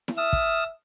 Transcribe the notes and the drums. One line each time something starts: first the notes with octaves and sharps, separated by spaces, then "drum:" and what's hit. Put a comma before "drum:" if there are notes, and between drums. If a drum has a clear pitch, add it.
drum: snare E4
E5 A5 D#6 F6
drum: kick